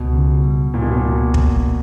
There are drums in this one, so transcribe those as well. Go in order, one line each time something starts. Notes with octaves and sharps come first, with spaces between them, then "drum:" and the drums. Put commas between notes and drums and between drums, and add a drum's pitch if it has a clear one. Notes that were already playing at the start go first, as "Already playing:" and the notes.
Already playing: C#2 B2
C#3
G3
C#2 A#2
B2
A#2
C#2
drum: kick